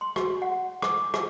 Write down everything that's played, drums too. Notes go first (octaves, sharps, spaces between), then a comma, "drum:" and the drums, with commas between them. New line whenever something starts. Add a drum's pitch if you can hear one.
C6
F#4, drum: rim click
F#5
D6, drum: rim click
drum: rim click